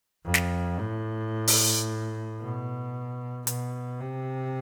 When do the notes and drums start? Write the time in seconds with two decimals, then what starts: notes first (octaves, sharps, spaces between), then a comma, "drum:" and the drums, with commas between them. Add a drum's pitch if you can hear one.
0.25 F2
0.34 drum: snare
0.79 A2
1.47 drum: open hi-hat
2.40 B2
3.47 B2, drum: hi-hat
4.01 C3